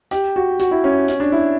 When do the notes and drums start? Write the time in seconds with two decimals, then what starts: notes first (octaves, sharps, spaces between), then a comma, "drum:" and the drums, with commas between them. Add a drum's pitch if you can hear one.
0.11 G4, drum: tambourine
0.36 F#4
0.60 F#4, drum: tambourine
0.71 E4
0.84 C#4
1.08 C#4, drum: tambourine
1.20 D4
1.32 E4